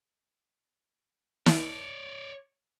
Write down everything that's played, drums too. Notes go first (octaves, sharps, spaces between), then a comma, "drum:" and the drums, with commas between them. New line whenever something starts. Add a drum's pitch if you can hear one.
C#5 D5, drum: snare